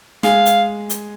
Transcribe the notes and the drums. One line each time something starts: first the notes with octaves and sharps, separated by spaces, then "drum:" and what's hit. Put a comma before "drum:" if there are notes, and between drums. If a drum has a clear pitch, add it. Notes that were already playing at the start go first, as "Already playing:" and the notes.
G#3 G#4 F5, drum: snare
drum: hi-hat
drum: hi-hat